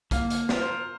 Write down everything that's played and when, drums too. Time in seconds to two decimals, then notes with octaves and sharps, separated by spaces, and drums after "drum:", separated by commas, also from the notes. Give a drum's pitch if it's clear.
0.11 A#3 F5, drum: kick, hi-hat
0.30 drum: hi-hat
0.49 F4 A#4, drum: snare
0.61 C5